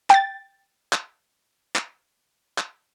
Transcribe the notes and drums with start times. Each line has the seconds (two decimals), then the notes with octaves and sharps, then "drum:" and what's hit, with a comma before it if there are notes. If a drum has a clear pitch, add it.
0.10 G5 A6, drum: clap
0.93 drum: clap
1.75 drum: clap
2.58 drum: clap